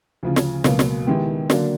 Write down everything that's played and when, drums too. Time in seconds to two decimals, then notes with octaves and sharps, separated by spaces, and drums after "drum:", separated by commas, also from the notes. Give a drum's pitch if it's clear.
0.23 D2 C#3 F3
0.36 drum: snare
0.64 C#2 B2 F#3 A#3, drum: snare
0.79 drum: snare
1.07 D#3 G#3 B3 E4 G4
1.50 D3 F#3 A#3 D4, drum: snare